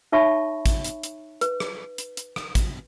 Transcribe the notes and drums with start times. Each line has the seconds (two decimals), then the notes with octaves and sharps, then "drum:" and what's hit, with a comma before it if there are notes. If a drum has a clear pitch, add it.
0.12 D#4 C#5 E5 A5 B5 C#6
0.66 drum: kick, hi-hat
0.84 drum: hi-hat
1.03 drum: hi-hat
1.41 B4, drum: hi-hat
1.60 drum: rim click
1.98 drum: hi-hat
2.17 drum: hi-hat
2.36 drum: rim click
2.55 drum: kick, hi-hat